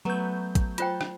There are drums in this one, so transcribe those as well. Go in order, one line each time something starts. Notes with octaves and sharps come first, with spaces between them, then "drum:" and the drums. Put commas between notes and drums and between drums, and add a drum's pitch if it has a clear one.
F#3 A3 B3 G6
drum: kick, hi-hat
F4 C5 G5 A5 C6, drum: hi-hat
drum: rim click